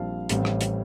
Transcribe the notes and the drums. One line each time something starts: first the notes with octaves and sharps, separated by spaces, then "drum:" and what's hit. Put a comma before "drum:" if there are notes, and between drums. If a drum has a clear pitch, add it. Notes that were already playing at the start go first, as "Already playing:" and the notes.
Already playing: A#1 A#2 G3 C4 F5 A5
A1 A2 G3 C4, drum: hi-hat
drum: rim click
drum: hi-hat